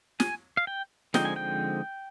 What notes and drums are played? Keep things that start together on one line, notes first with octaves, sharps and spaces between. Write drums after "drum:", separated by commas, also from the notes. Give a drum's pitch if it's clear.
G#5, drum: snare
F5
G5
D3 F3 G#3 C4 D#4 G5, drum: snare
G#5
G5